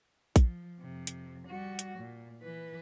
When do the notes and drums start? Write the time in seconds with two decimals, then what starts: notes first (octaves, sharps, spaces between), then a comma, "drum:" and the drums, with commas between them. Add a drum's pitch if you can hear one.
0.36 F3, drum: kick A#1, hi-hat
0.81 F2 C3
1.07 drum: hi-hat
1.47 G3 F#4
1.79 drum: hi-hat
1.99 A#2
2.42 E3 B4